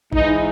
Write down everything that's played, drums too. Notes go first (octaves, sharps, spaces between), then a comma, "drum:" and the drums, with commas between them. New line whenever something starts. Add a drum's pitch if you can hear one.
G#2 E3 D#4, drum: kick